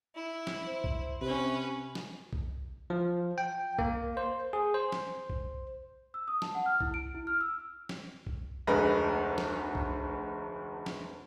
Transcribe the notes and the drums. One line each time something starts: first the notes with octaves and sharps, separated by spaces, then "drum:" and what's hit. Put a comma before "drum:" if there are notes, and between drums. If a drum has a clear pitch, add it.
E4
drum: snare
C5
drum: kick B1
C3 C#4 B4
drum: snare
drum: kick B1
F3
G5
A#3, drum: kick B1
C5
G#4
C5
drum: snare
drum: kick B1
E6
D#6
A5, drum: snare
F#5
F6
E4, drum: kick B1
D7
E4
F6
E6
drum: snare
drum: kick B1
F1 D2 G#3 A#4 B4 A#6
drum: snare
drum: kick B1
drum: snare